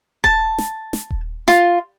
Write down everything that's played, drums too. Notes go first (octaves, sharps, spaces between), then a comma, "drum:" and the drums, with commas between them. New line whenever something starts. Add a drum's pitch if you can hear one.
A5, drum: kick D#1
drum: snare
drum: snare
drum: kick D#1
F4, drum: snare